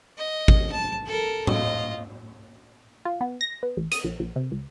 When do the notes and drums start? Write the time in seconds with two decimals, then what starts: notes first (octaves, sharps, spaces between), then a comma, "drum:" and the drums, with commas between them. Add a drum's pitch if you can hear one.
0.17 D#5
0.48 drum: kick G#1
0.72 A5
1.06 A4 A#4
1.47 F4 D#5, drum: tom A2
3.05 F4
3.21 B3
3.41 A#6
3.63 B3
3.77 A1
3.92 D#6, drum: hi-hat
4.04 A#1
4.20 A#1
4.36 C3
4.51 C#2